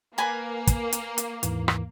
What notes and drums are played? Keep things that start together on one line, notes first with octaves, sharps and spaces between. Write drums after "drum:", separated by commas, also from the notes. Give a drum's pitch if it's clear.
A#3 B4 G#5 A#5
drum: kick, hi-hat
drum: hi-hat
drum: hi-hat
D#2 G#2 E3, drum: hi-hat
drum: rim click